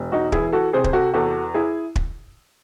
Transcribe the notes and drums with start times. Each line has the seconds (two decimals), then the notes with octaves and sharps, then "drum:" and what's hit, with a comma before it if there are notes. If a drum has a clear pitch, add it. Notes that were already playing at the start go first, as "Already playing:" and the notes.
Already playing: E1
0.12 D#4 F#4
0.32 E3 E4 G#4, drum: kick
0.53 F#4 A4
0.73 C3 G#4 C5
0.84 C5, drum: kick
0.93 F#4 A4
1.14 E2 F#4 A4
1.54 E4 G#4
1.96 drum: kick